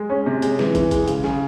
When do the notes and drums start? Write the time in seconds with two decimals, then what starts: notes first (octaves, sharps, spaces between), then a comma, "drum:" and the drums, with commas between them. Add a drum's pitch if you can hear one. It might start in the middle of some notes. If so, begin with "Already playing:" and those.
Already playing: G#3
0.10 C#4
0.26 C3
0.42 G#3, drum: hi-hat
0.59 E3, drum: snare
0.75 E3, drum: kick, hi-hat
0.91 G#3, drum: kick, hi-hat
1.08 C#3, drum: hi-hat
1.24 C#3, drum: snare